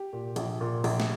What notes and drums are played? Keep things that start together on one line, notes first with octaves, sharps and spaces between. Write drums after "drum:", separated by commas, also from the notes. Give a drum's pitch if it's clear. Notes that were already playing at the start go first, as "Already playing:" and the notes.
Already playing: G4
A#2
A#1, drum: hi-hat
A#2
A#1, drum: open hi-hat
drum: snare